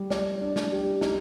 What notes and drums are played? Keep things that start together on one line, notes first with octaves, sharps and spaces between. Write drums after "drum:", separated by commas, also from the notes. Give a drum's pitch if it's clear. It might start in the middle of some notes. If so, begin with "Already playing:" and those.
Already playing: G3 G4
D5, drum: snare
D4
drum: snare
G4
D#4, drum: snare